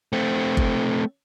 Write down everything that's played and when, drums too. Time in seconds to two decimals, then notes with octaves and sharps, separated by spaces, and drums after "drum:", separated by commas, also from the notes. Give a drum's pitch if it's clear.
0.13 A3 C4
0.57 drum: kick G1